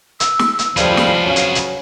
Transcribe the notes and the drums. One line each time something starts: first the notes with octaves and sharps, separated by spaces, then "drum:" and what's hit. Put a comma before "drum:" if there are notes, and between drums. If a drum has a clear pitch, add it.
E6, drum: hi-hat
drum: snare
drum: hi-hat
C#2 A2 F3 G3 G#4 B4 F5, drum: hi-hat
drum: snare
F#3 C#4
drum: hi-hat
drum: hi-hat